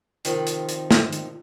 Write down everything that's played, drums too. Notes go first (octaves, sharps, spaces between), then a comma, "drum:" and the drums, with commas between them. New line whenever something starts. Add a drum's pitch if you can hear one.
C3 D#3 F3, drum: hi-hat
drum: hi-hat
drum: hi-hat
drum: snare
drum: hi-hat